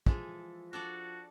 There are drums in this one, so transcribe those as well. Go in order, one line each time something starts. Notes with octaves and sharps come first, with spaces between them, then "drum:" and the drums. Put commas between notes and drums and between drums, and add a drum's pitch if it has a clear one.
E3 F3 G#3 A4, drum: kick
D4 F#4 A4 D5